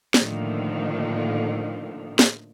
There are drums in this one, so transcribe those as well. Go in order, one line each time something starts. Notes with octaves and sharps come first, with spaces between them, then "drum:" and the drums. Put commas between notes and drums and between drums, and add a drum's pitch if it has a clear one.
A2 D3 D#3 F3 A3 A#3, drum: snare
drum: snare